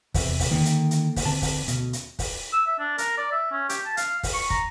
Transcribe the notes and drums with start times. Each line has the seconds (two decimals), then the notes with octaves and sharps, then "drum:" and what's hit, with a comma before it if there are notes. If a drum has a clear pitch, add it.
0.14 E2 C3, drum: kick, open hi-hat
0.40 drum: kick, open hi-hat
0.51 D3 D#3 A#3
0.65 drum: hi-hat
0.91 drum: hi-hat
1.16 drum: kick, open hi-hat
1.25 D3 C4 A5
1.42 drum: kick, open hi-hat
1.68 D2 B2, drum: hi-hat
1.93 drum: hi-hat
2.19 drum: kick, open hi-hat
2.53 E6
2.67 E5
2.79 D4
2.98 A#4, drum: hi-hat
3.18 D5
3.32 E5
3.52 C#4
3.69 G4, drum: hi-hat
3.86 A5
3.97 F5, drum: hi-hat
4.23 drum: kick, open hi-hat
4.34 C#6
4.50 A#5, drum: kick